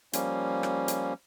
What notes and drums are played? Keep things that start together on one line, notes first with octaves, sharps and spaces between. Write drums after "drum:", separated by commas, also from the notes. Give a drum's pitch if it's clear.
F3 G3 A#3 C#4, drum: hi-hat
drum: rim click
drum: hi-hat